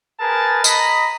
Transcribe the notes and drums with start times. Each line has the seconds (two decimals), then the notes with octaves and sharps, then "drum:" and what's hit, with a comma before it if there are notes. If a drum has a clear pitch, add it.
0.20 G#4 A#4 B4 A5
0.64 D#5 A#5 B5, drum: tambourine